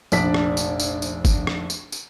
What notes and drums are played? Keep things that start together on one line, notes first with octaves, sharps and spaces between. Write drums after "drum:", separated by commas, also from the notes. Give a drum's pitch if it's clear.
F1 A#1 D4 D5 B6, drum: tambourine
drum: rim click
drum: tambourine
drum: tambourine
drum: tambourine
drum: kick G1, tambourine
drum: rim click
drum: tambourine
drum: tambourine